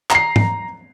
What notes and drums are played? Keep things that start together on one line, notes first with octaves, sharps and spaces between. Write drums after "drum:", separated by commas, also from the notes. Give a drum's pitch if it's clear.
A#5 C7, drum: clap
drum: tom G#2